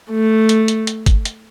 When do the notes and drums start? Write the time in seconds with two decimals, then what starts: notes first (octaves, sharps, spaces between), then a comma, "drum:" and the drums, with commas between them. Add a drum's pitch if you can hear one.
0.11 A3
0.49 drum: hi-hat
0.68 drum: hi-hat
0.87 drum: hi-hat
1.06 drum: kick, hi-hat
1.25 drum: hi-hat